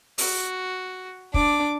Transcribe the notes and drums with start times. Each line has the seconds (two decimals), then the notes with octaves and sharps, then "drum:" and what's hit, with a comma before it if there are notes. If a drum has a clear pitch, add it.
0.18 F#4, drum: open hi-hat
1.34 D4 D6, drum: kick